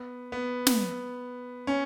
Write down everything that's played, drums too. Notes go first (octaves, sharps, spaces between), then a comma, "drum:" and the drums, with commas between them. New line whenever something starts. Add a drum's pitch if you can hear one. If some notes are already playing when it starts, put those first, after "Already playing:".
Already playing: B3
B3
drum: snare
C#4